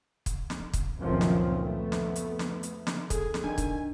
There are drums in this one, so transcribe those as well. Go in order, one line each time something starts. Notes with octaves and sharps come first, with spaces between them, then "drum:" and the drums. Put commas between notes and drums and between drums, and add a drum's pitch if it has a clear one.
drum: kick, hi-hat
drum: snare
drum: kick, hi-hat
C#2 F#2 A#2 D#3 F3 C4
drum: snare
F2 A3 B3
drum: snare
drum: hi-hat
drum: snare
drum: hi-hat
drum: snare
G#4 A4, drum: kick, hi-hat
drum: snare
D#3 D4 G#5
drum: kick, hi-hat